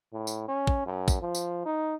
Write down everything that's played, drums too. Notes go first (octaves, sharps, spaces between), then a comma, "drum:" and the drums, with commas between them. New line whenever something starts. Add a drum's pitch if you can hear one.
A2
drum: tambourine
C#4
drum: kick
F#2
drum: kick, tambourine
F3
drum: tambourine
D#4